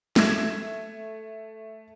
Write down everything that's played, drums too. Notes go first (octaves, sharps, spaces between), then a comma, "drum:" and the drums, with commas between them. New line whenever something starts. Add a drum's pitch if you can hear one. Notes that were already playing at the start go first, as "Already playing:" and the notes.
A3 G#6 E7, drum: snare